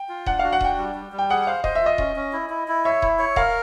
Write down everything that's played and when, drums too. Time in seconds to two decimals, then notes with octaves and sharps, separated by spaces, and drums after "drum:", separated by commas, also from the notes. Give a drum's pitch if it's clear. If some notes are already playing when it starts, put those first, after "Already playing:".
Already playing: G5
0.09 F4
0.26 D4 F#5, drum: kick D#1
0.39 F#4 F5
0.53 F#5
0.61 D4 G5, drum: kick D#1
0.78 G3
0.95 G3
1.12 G3
1.18 G5
1.30 G#4 F#5
1.47 C5 F5
1.64 C5 D#5, drum: kick D#1
1.75 E5
1.82 F4 D#5
1.98 C#4, drum: kick D#1
2.16 C#4
2.33 E4
2.50 E4
2.68 E4
2.85 C#5 E5
3.02 E4, drum: kick D#1
3.19 C#5
3.36 A#4 F5, drum: kick D#1